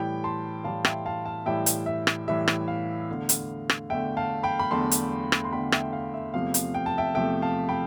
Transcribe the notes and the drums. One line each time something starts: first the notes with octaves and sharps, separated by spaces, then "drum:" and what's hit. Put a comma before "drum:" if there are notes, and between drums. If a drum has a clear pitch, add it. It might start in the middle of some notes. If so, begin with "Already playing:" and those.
Already playing: A2 E3 G3 G5 B5
A5 C6
A2 E3 G3 F5 A5
E5 G5, drum: rim click
F5 A5
F5 A5
A2 E3 G3 E5 G5
drum: hi-hat
E5
drum: rim click
A2 E3 G3 E5
drum: rim click
F5
E2 D3 A3
drum: hi-hat
drum: rim click
E2 D3 A3 E5 G5
F5 A5
G5 B5
B5
E2 D3 A3 A5 C6
drum: hi-hat
drum: rim click
C6
E2 D3 A3 G5 B5
E5 G5, drum: rim click
F5
E5
E2 C3 F3 A3 F5
drum: hi-hat
G5
A5
E5 G5
E2 C3 F3 A3 E5 G5
F5 A5
G5 B5